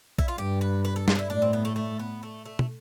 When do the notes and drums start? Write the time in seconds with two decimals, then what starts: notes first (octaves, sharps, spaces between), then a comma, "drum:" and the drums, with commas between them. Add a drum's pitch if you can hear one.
0.18 E4, drum: kick A#1
0.28 F4
0.38 G2 G4
0.61 B4
0.85 B4
0.96 A4
1.08 F4, drum: snare
1.15 D4
1.19 E4
1.30 A2 D4
1.42 C4
1.53 B3
1.65 A3
1.76 A3
1.99 B3
2.23 A3
2.45 A3
2.59 drum: tom